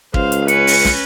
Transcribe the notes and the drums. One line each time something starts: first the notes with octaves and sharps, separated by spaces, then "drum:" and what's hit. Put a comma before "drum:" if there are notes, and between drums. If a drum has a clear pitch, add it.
C#2 C5 F5, drum: kick
drum: hi-hat
C#4 B4 C#7, drum: hi-hat
drum: open hi-hat
drum: snare